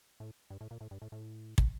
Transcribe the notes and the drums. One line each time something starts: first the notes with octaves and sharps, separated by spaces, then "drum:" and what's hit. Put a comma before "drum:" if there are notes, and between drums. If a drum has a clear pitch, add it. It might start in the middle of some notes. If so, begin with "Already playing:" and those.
A2
G2
A2
A#2
A2
G2
A2
A2
drum: kick